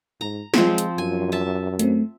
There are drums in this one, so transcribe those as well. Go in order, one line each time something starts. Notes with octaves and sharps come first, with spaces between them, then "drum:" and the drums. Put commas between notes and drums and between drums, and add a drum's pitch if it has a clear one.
G#2 A#5
F3 G#3 C4, drum: snare
drum: hi-hat
F#2 G#5
E5 A5
A3 C4, drum: hi-hat